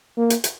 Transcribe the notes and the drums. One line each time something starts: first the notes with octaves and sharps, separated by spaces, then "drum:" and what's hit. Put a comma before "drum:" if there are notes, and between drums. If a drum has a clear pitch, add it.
A#3
drum: hi-hat
drum: hi-hat